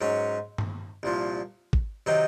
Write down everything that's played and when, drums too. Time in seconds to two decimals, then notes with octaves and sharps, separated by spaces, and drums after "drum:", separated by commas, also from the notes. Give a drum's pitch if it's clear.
0.01 G#2 F#3 C#4
0.58 drum: tom G2
1.03 C2 A#2 F3
1.73 drum: kick
2.06 C3 D#3 F#3 C4 D#4